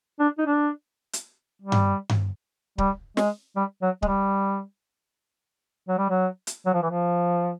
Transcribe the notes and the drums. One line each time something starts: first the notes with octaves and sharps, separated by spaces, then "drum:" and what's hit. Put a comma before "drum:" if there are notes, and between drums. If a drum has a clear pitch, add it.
D4
D#4
D4
drum: hi-hat
G3
drum: tom G2
drum: tom G2
G3, drum: kick D1
G#3, drum: snare
G3
F#3
G#3, drum: kick D1
G3
F#3
G3
F#3
drum: hi-hat
F#3
F3
E3
F3